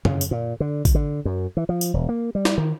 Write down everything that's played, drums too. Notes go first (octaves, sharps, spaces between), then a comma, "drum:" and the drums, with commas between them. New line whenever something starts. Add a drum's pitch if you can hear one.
C#3, drum: tom F#2
drum: tambourine
A#2
D3
drum: kick, tambourine
D3
F#2
E3
F3
drum: tambourine
E1
A#3
G3
drum: snare
D#3